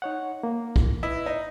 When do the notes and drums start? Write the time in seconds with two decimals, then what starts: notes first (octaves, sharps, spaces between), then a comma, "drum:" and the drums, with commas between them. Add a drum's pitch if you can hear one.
0.02 D#4 C#5 F#5
0.43 A#3
0.76 drum: kick
1.03 E4 B4 D#5
1.26 D#4